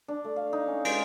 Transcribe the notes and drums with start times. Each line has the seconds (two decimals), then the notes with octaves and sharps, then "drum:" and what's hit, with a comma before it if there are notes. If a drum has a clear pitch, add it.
0.08 D4
0.24 A3
0.36 F5
0.53 D#4
0.68 C#4
0.85 G#3, drum: cymbal